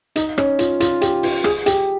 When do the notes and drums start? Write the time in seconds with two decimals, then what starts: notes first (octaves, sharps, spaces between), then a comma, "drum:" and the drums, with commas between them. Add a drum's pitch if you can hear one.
0.16 D#4, drum: hi-hat
0.38 C#4, drum: rim click
0.59 F4, drum: hi-hat
0.80 F4, drum: hi-hat
1.01 G4, drum: hi-hat
1.23 F4, drum: open hi-hat
1.44 G#4, drum: rim click
1.66 G4, drum: hi-hat